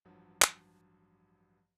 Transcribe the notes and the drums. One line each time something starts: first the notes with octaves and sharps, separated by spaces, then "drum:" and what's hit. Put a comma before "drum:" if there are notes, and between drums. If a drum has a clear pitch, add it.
A1 G2 F3 F#3
drum: clap